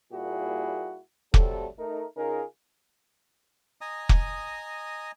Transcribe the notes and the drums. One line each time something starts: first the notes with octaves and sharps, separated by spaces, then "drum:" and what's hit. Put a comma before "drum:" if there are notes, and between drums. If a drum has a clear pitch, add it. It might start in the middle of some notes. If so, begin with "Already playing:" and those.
A#2 G3 A#3 E4 F#4 G#4
C3 F#3 G3 A3 A4, drum: kick
A3 D#4 A#4
C#3 D#4 F4 G#4 A#4
D#5 G#5 A#5 D#6
drum: kick